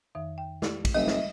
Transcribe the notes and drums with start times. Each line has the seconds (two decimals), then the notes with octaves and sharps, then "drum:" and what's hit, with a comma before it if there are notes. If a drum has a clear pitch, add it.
0.15 F2 D#3 E5
0.38 G5
0.62 E4 G4 D5, drum: snare
0.85 drum: kick A#1, cymbal
0.94 F#1 G3 D#5 E5
1.07 drum: snare